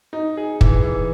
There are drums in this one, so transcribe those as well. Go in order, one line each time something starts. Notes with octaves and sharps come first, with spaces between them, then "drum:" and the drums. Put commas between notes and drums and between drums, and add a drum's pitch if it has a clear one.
D#4
G#4
E3, drum: kick
E3